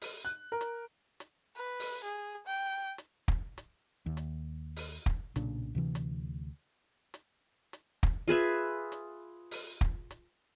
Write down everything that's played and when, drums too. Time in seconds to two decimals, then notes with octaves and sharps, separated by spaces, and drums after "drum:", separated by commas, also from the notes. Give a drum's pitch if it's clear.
0.01 drum: open hi-hat
0.25 F#6
0.52 A#4
0.61 drum: hi-hat
1.20 drum: hi-hat
1.56 B4
1.80 drum: open hi-hat
2.04 G#4
2.46 G5
2.98 drum: hi-hat
3.28 drum: kick
3.58 drum: hi-hat
4.06 D#2
4.17 drum: hi-hat
4.76 drum: open hi-hat
5.06 drum: kick
5.36 B1 A#2 C#3 D4, drum: hi-hat
5.75 D2 C3 E3
5.95 drum: hi-hat
7.14 drum: hi-hat
7.73 drum: hi-hat
8.03 drum: kick
8.28 F4 G#4 B4 E5
8.92 drum: hi-hat
9.51 drum: open hi-hat
9.81 drum: kick
10.11 drum: hi-hat